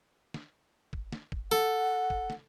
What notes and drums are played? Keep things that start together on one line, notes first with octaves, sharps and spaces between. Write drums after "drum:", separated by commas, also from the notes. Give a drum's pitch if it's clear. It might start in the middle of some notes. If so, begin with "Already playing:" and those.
drum: snare
drum: kick
drum: snare
drum: kick
A4 F#5, drum: snare
drum: kick
drum: snare